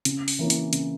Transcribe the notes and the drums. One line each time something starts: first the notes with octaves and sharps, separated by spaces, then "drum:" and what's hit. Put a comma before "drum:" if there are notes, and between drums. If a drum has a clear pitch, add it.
C#3, drum: hi-hat
drum: open hi-hat
E3 A#3 C#4
drum: hi-hat
C#3, drum: hi-hat